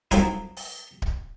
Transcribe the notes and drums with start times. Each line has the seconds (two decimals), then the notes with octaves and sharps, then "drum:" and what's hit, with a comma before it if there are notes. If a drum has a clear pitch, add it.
0.11 F3 F#3 A3 C4 D#4 E4, drum: kick D1, hi-hat
0.57 drum: open hi-hat
1.02 drum: kick D1